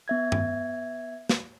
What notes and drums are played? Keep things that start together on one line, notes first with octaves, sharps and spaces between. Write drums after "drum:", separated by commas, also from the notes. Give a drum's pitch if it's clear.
B3 E5 G#6
drum: tom G2
drum: snare